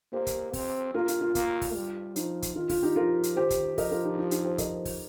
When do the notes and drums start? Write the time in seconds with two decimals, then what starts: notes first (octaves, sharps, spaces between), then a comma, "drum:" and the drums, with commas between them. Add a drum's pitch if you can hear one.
0.12 A#3 G4 C5
0.27 drum: kick, hi-hat
0.53 C4, drum: kick, open hi-hat
0.94 A#3 F4 A#4
1.08 F4, drum: hi-hat
1.21 F4
1.35 A#3, drum: kick, hi-hat
1.61 drum: kick, open hi-hat
1.75 G3
2.16 F3 D#4, drum: hi-hat
2.42 drum: kick, hi-hat
2.56 D#3 F4
2.69 F4, drum: kick, open hi-hat
2.83 D#4 G4
2.96 F3 F4 A#4
3.23 drum: hi-hat
3.36 D#3 G4 C5
3.50 drum: kick, hi-hat
3.78 F3 A#4 D#5, drum: kick, open hi-hat
3.91 F4 A#4
4.04 D#4 G4
4.18 D#4 G4
4.31 D#4 G4, drum: hi-hat
4.45 G4 C5
4.58 A#4 D#5, drum: kick, hi-hat
4.85 drum: kick, open hi-hat